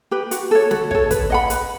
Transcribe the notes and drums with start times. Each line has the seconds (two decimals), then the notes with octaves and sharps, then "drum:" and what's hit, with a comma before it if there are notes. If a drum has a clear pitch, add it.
0.11 G4 B4
0.31 F#4, drum: hi-hat
0.51 A4 C#5
0.71 F#4, drum: snare
0.91 A4 C#5, drum: kick
1.11 B4, drum: kick, hi-hat
1.30 D#5 F#5 B5
1.50 B4, drum: hi-hat